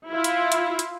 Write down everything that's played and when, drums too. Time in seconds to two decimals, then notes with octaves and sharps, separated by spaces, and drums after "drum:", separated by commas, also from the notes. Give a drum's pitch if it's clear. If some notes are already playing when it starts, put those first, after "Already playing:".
0.11 E4 F4
0.24 drum: hi-hat
0.52 drum: hi-hat
0.79 drum: hi-hat